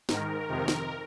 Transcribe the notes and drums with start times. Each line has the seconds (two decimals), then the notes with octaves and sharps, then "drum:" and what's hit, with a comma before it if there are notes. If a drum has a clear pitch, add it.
0.09 G#2 D#3 A#4, drum: snare
0.48 F2 C3 D#3
0.68 drum: snare